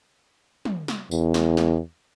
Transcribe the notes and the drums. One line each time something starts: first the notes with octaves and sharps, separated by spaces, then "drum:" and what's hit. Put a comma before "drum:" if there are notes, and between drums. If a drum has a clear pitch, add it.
drum: tom
drum: snare
E2, drum: tambourine
drum: snare
drum: snare